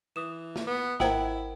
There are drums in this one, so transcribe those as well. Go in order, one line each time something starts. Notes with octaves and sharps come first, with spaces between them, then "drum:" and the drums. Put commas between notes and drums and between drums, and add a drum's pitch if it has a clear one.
E3 D#6 E7
drum: snare
B3
G#1 E4 A#4 C5 F#5 G5, drum: snare